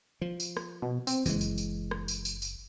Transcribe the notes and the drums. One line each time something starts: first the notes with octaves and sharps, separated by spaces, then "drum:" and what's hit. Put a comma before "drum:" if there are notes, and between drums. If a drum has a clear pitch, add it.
F3
drum: tambourine
drum: rim click
B2
C4, drum: tambourine
F#1 E3 G#3, drum: tambourine
drum: tambourine
drum: tambourine
drum: rim click
drum: tambourine
drum: tambourine
drum: tambourine